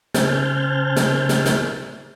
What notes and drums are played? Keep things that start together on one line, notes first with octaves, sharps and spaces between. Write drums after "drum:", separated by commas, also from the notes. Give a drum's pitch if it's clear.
C#3 C5 G#5 A5 F6 G6, drum: snare
drum: snare
drum: snare
drum: snare